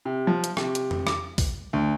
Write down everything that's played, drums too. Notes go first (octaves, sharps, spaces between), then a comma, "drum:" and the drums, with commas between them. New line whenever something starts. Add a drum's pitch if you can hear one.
C3
F3
drum: hi-hat
C3, drum: rim click
drum: hi-hat
drum: tom F2
D6, drum: rim click
drum: kick, open hi-hat
D2